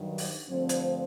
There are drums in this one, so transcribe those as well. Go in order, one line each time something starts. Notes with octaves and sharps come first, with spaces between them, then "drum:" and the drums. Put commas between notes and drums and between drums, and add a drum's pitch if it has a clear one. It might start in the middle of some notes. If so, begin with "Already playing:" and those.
Already playing: G2 D#3 F#3
drum: open hi-hat
G2 D3 F3 A3 C4
drum: hi-hat